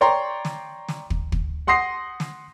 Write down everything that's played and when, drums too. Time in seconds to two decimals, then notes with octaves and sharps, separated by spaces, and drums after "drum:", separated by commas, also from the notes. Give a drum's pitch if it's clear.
0.01 C#5 D5 G5 A#5 C6
0.45 drum: snare
0.88 drum: snare
1.10 drum: kick
1.32 drum: kick
1.67 F#5 C6 D#6 A#6 C7
2.20 drum: snare